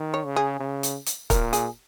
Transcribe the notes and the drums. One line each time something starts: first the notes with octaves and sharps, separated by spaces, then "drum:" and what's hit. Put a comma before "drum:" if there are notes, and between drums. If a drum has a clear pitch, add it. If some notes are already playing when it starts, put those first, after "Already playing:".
Already playing: D#3
C#5
C#3
G#4
C#3
drum: hi-hat
drum: hi-hat
A#2 A#4, drum: kick, hi-hat
G#4, drum: hi-hat